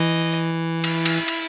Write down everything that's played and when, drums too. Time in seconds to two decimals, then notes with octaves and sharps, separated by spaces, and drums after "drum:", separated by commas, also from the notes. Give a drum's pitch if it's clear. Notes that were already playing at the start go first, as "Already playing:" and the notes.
Already playing: E3 D#5
0.84 E4, drum: cymbal
1.06 drum: cymbal
1.28 drum: cymbal